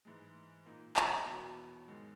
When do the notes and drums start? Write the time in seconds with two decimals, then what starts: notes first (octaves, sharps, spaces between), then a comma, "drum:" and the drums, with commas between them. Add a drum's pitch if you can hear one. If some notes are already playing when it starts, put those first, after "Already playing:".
0.05 G#2 E3 G#3
0.66 A#2 A#3 D#4
0.96 drum: clap
1.26 E2 B2 F#3 B3
1.88 G#2 D#3 G#3